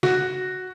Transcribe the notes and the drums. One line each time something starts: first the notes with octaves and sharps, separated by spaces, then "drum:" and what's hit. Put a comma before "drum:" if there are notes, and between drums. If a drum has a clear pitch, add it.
F#4, drum: snare